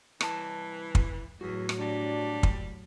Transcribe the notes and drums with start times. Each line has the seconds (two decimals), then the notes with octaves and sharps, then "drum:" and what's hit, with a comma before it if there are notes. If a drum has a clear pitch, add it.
0.21 C2 E3 A5, drum: rim click
0.95 drum: kick
1.41 E2 A2 F#3 F#4
1.69 drum: rim click
1.80 G3 D4
2.43 drum: kick